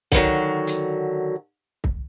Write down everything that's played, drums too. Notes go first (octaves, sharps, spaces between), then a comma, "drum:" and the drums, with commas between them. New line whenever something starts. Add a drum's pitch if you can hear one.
D3 D#3 F3 F#3, drum: kick
drum: hi-hat
drum: kick